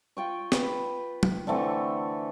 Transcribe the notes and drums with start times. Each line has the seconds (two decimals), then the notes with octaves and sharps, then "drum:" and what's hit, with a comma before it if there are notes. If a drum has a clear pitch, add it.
0.17 F4 G5 C#6
0.52 B4, drum: snare
1.23 drum: tom
1.47 D3 E3 A3 C4